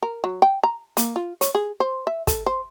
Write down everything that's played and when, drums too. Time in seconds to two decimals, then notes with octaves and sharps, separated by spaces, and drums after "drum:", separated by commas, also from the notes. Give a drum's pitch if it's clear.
0.03 A#4
0.24 F#3
0.42 G5
0.63 A#5
0.97 A#3, drum: hi-hat
1.16 F4
1.41 C#5, drum: hi-hat
1.55 G#4
1.80 C5
2.07 E5
2.27 A4, drum: kick, hi-hat
2.46 C5